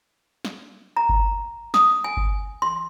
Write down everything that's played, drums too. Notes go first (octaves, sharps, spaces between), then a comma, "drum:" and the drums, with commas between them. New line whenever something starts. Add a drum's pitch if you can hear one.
drum: snare
A#5
drum: kick G1
D#6, drum: snare
G#5
drum: kick G1
C6